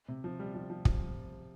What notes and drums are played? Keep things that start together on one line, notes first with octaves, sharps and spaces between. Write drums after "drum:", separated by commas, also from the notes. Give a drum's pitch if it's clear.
C3
F3
G3
F3
F3
F3, drum: kick